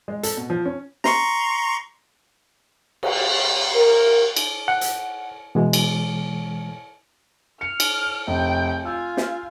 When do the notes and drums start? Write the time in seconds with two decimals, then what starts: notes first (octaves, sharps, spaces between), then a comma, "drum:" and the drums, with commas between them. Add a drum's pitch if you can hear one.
0.08 G#3
0.23 A4, drum: hi-hat
0.37 B2
0.50 F3
0.66 C#4
1.04 A#5 C6 C#6, drum: snare
3.03 drum: cymbal
3.73 A#4
4.37 drum: cymbal
4.68 F#5
4.81 drum: hi-hat
5.55 B2 E3 G#3
5.73 drum: cymbal
7.61 F6 C#7
7.80 drum: cymbal
8.27 F1 G5
8.85 F4 G#5 E6 G6
9.17 drum: snare